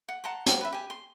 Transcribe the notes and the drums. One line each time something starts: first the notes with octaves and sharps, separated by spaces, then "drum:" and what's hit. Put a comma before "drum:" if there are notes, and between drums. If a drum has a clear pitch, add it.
F#5
F#5 A5 A#5 C6
C#5, drum: hi-hat
B4 E5
G4 G#5
C6